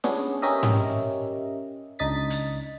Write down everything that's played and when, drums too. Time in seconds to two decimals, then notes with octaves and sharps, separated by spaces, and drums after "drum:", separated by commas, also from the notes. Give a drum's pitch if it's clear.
0.04 B3 C#4 D4 G#4, drum: snare
0.42 C#4 G4 A#4 D#5 E5
0.63 drum: tom G#2
1.99 C#2 D4 D#4 D#5 A6 B6
2.30 drum: hi-hat